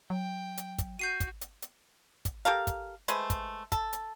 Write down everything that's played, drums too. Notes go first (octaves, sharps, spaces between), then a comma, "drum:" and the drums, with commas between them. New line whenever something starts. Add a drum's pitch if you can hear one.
F#3 G5
drum: hi-hat
drum: kick, hi-hat
F#4 G6 C7 D#7
drum: kick, hi-hat
drum: hi-hat
drum: hi-hat
drum: kick, hi-hat
G4 A4 A#4 F5
drum: kick, hi-hat
G#3 A3 B4 C5, drum: hi-hat
drum: kick, hi-hat
A4, drum: kick, hi-hat
drum: hi-hat